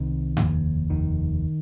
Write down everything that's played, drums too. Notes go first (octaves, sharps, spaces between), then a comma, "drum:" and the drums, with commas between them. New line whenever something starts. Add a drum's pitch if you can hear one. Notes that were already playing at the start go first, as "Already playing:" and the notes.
Already playing: C2 C3 D#3
F1 D#2, drum: tom G2
F1 D#2 D#3